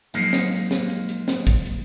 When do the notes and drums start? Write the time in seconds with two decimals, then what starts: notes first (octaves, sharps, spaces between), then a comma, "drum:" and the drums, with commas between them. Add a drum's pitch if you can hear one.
0.14 F3 F#3 G#3 A#3 D#4, drum: hi-hat
0.33 drum: snare
0.52 drum: open hi-hat
0.71 drum: snare
0.90 drum: hi-hat
1.09 drum: hi-hat
1.28 drum: snare
1.47 drum: kick, hi-hat
1.66 drum: hi-hat